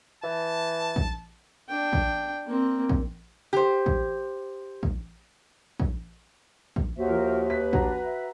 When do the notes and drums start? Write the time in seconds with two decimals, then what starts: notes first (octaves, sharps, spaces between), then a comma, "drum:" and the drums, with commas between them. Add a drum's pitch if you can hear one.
0.24 E3 A5
0.96 drum: kick
1.69 D4 G5
1.93 drum: kick
2.46 A#3 C4
2.89 drum: kick
3.53 G4 C5
3.86 drum: kick
4.83 drum: kick
5.80 drum: kick
6.76 drum: kick
6.96 D#2 F#4 C5 E5
7.08 F3 A#4
7.50 B4 B6
7.73 D4 F#4 A#5, drum: kick
8.01 E5